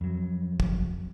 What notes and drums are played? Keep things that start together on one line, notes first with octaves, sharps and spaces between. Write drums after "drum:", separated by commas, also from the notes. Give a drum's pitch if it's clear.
F2 F#3
drum: kick